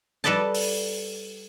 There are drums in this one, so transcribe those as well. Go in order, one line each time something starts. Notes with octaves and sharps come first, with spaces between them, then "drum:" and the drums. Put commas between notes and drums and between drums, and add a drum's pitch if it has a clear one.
G3 A4 B4 D5 D#5 A5
drum: open hi-hat